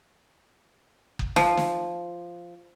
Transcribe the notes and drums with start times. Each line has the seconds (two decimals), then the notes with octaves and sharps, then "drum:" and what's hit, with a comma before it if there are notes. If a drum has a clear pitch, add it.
1.19 drum: kick F#1
1.36 F3, drum: snare
1.57 drum: snare